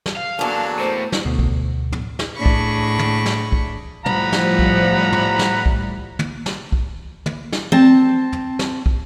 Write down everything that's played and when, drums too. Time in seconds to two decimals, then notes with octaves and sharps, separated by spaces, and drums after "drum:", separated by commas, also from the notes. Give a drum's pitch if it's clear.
0.06 drum: snare
0.16 F5
0.39 E2 F#3 A#3 D4 A4 A5
0.79 A2 C5
1.12 drum: snare
1.25 D2 B2
1.39 drum: kick
1.92 drum: tom
2.19 drum: snare
2.36 A2 D4 G#4 B5 C#6
2.46 drum: kick
2.99 drum: tom
3.26 drum: snare
3.52 drum: kick
4.06 A2 F3 G3 F#5 A#5 B5, drum: tom
4.32 drum: snare
4.59 drum: kick
5.12 drum: tom
5.39 drum: snare
5.66 drum: kick
6.19 drum: tom
6.46 drum: snare
6.72 drum: kick
7.26 drum: tom
7.52 drum: snare
7.72 C4 A5
8.32 drum: tom
8.59 drum: snare
8.86 drum: kick